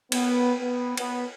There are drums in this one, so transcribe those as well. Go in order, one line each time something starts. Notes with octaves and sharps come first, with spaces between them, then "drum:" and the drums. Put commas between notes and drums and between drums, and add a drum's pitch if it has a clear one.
B3, drum: cymbal
B3
B3, drum: cymbal